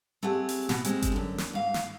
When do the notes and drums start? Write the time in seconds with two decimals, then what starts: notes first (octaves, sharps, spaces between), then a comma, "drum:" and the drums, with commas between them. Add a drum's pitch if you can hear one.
0.23 A3 C4 G4 G#4 F#5
0.49 drum: open hi-hat
0.69 B2, drum: snare
0.84 G#3 C4 G4, drum: hi-hat
1.02 drum: kick G1, hi-hat
1.12 F#2 D3
1.38 drum: snare
1.53 G#2 F5
1.74 drum: snare